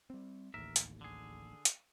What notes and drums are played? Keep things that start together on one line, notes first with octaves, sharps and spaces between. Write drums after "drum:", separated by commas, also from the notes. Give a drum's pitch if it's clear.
G3 C4
D1 A1 D#2 A#4 E5
drum: hi-hat
D3 G#4
drum: hi-hat